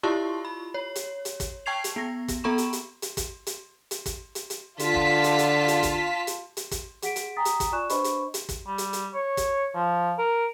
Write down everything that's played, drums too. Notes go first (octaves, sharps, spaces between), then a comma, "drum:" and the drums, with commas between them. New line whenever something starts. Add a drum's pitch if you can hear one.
E4 F4 G4 A5 C6 C#6
B5
C#5
drum: hi-hat
drum: hi-hat
drum: kick, hi-hat
G5 A5 C#6 G#6 C7 F7
drum: hi-hat
B3 A#6
drum: kick, hi-hat
B3 A4 A#5 B5 C#6 E7
drum: hi-hat
drum: hi-hat
drum: hi-hat
drum: kick, hi-hat
drum: hi-hat
drum: hi-hat
drum: kick, hi-hat
drum: hi-hat
drum: hi-hat
D3 F4 A5 B6, drum: hi-hat
drum: kick
drum: hi-hat
drum: hi-hat
drum: hi-hat
drum: kick, hi-hat
drum: hi-hat
drum: hi-hat
drum: kick, hi-hat
G#4 F#5 B6 D7, drum: hi-hat
drum: hi-hat
G5 G#5 A#5 D#6 A6 B6
drum: hi-hat
drum: kick, hi-hat
F4 D5 G#5 C#6 F#6 E7
D4 B4 C5 D#5 B5 C#6, drum: hi-hat
drum: hi-hat
drum: hi-hat
drum: kick, hi-hat
G3
drum: hi-hat
drum: hi-hat
C#5
drum: kick, hi-hat
F3
A#4